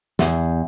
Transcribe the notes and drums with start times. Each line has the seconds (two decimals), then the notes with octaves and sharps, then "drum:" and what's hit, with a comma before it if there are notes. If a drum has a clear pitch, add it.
0.19 E2, drum: snare